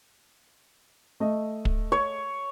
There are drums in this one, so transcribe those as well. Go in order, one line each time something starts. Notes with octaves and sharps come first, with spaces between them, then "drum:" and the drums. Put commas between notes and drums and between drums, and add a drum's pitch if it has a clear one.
A3 D#5
drum: kick
C#5